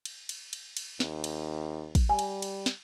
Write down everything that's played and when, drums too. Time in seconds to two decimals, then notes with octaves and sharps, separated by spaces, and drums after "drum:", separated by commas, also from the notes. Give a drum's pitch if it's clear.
0.05 drum: cymbal
0.29 drum: cymbal
0.53 drum: cymbal
0.77 drum: cymbal
1.00 D#2, drum: snare
1.24 drum: cymbal
1.95 drum: kick A1, cymbal
2.09 G3 G#5
2.19 drum: cymbal
2.42 drum: cymbal
2.66 drum: snare